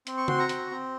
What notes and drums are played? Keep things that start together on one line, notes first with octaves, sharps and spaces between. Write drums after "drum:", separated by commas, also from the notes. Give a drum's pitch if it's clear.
C4, drum: hi-hat
C#6
F#4 C6, drum: tom C#3
A#5 C#6
C4, drum: hi-hat
C4